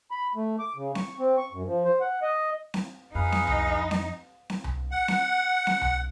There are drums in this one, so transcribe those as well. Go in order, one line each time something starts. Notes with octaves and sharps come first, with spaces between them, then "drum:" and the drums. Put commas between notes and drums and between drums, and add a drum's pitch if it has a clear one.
B5
A3
D6
C#3
C#6, drum: snare C4
C4
C#6
F#2
F3
C5
F#5
D#5
drum: snare C4
F2 D#4 G#4 B4 F5
drum: snare C4
drum: tom C2
drum: snare C4
drum: snare C4
drum: tom C2
F#5
drum: snare C4
drum: snare C4
drum: tom C2